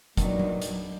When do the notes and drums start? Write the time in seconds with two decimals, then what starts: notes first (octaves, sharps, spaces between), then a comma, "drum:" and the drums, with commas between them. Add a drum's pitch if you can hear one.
0.17 A#2 D#3 F#3 B3 D4 D#4, drum: kick, hi-hat
0.39 drum: tom F#3
0.62 drum: hi-hat